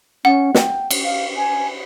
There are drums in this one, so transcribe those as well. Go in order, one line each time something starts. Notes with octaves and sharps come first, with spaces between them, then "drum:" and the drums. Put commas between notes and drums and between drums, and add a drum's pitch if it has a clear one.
C#4 F#5
G5, drum: snare
drum: cymbal
F5
G#5